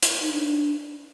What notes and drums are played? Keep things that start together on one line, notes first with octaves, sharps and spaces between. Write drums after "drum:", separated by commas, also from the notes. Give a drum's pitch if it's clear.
drum: hi-hat
D#4
D4